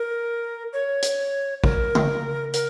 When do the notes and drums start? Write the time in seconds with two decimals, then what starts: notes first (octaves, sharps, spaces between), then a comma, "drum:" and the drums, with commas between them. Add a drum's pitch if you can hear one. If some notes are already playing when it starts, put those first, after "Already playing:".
Already playing: A#4
0.73 C#5
1.02 drum: hi-hat
1.64 A#4, drum: kick
1.95 drum: tom C#3
2.54 A#4, drum: hi-hat